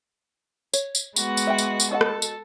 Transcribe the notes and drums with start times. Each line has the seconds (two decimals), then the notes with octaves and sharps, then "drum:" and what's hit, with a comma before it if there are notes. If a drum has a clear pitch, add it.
0.74 C#5, drum: tambourine
0.95 drum: tambourine
1.16 G#3 B3 F#4, drum: tambourine
1.37 drum: tambourine
1.47 E5 G5
1.58 drum: tambourine
1.80 drum: tambourine
1.91 F#4 A4 D#5 F#5
2.01 drum: rim click
2.22 drum: tambourine